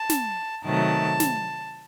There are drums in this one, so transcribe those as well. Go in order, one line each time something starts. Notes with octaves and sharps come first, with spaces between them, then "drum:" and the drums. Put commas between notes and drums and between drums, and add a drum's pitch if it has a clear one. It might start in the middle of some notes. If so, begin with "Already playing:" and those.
Already playing: A5
drum: snare
C3 D#3 F#3 A3 A5
drum: snare